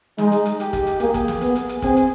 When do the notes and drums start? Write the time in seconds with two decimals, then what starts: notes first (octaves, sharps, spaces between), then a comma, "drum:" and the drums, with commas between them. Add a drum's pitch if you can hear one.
0.18 G#3 D#4, drum: snare
0.32 drum: hi-hat
0.46 drum: hi-hat
0.60 G4, drum: hi-hat
0.73 drum: kick, hi-hat
0.87 drum: hi-hat
1.00 A#3 G#4, drum: hi-hat
1.14 drum: kick, hi-hat
1.28 drum: snare
1.41 B3, drum: hi-hat
1.56 drum: hi-hat
1.69 drum: hi-hat
1.82 C4 G#4, drum: kick, hi-hat
1.97 drum: hi-hat